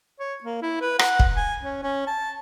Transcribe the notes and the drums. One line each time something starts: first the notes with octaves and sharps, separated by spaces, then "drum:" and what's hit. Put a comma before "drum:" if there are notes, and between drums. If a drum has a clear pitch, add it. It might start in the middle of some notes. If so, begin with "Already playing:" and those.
C#5
A#3
E4
B4
F#5, drum: rim click
drum: kick
G#5
C#4
C#4
A5